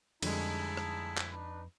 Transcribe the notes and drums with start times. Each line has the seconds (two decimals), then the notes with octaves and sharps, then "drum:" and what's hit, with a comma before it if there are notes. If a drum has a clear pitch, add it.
0.23 F2 D3 G3 G#3 D#4 E4 G#4 A5, drum: cymbal
0.77 drum: rim click
1.17 drum: clap
1.32 D4 D#4 B4